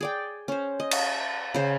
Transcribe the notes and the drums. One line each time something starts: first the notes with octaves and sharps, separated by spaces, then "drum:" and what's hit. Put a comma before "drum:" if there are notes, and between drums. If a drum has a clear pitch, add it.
G#4 D5 G5
C#4 C5
D#5
drum: cymbal
C#3 C5